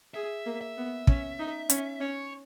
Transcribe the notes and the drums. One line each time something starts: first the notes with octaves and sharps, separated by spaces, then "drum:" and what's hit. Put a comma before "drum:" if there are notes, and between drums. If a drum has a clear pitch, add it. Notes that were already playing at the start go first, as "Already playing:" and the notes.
G#4 E5
A#3
E5
B3
C#4, drum: kick
D#4
C#4, drum: hi-hat
C#4 C#5